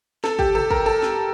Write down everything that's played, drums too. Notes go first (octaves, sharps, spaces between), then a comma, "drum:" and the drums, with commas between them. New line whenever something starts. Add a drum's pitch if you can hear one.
A4, drum: snare
G4, drum: kick
A4, drum: tom B2
A#4, drum: kick
A4
drum: snare